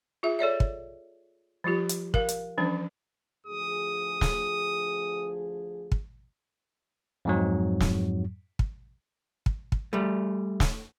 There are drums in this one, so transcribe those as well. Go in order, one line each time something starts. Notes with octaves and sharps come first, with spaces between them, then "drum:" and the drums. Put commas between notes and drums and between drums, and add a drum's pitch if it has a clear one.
F4 G#4 E5
A4 C#5 D5 E5
drum: kick
F3 G3 F4 G4
drum: hi-hat
A#4 F5, drum: kick
drum: hi-hat
E3 F3 G3 C#4 D4
D2 F3 G#4 D#6
drum: snare
drum: kick
F2 G#2 F#3
drum: snare
drum: kick
drum: kick
drum: kick
G3 A3
drum: snare